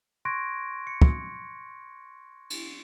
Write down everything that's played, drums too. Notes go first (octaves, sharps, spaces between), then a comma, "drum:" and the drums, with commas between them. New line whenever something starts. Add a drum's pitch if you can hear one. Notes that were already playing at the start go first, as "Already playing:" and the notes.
C6 C#6 F#6 G#6 A#6 D7
C#7
drum: kick
drum: cymbal